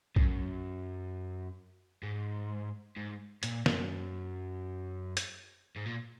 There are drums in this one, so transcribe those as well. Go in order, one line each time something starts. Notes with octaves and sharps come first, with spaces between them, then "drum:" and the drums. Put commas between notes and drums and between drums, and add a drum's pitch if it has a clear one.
F#2, drum: kick A#1
G#2
G#2
A#2, drum: hi-hat
F#2, drum: snare
drum: hi-hat
G#2
A#2